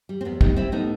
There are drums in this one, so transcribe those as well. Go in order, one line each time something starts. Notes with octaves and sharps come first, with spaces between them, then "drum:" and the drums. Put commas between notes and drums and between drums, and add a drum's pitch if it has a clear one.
G3
C4
E2 B3
G3 B3 D#4, drum: kick
G3 C4 E4
A2 B3 D#4